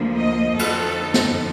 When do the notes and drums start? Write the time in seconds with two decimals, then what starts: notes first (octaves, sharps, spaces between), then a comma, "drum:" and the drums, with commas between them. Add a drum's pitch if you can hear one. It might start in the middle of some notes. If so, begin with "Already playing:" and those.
Already playing: D2 D3 F3 A#3
0.18 D#5
0.59 F2 D3 F3 A#3 D#4 A4, drum: cymbal
1.14 drum: snare